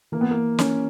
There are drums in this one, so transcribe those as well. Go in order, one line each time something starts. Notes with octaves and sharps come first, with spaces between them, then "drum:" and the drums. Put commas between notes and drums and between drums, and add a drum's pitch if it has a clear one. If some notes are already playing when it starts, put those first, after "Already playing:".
E3 A#3
B3
A#3
C#4, drum: snare